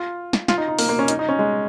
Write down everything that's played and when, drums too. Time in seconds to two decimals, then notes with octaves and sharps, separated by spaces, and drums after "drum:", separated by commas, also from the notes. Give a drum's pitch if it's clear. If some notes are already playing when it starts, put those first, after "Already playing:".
Already playing: F4
0.33 drum: snare
0.48 F4, drum: snare
0.58 D#4
0.68 D#4
0.79 A#3, drum: open hi-hat
0.89 A#3
0.99 C#4
1.08 D#4, drum: hi-hat
1.19 D#4
1.29 C#4
1.39 G#3